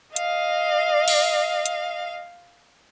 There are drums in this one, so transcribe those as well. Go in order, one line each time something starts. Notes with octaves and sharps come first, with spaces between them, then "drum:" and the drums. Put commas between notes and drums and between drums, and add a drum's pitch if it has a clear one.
D#5 F5, drum: hi-hat
drum: cymbal
drum: hi-hat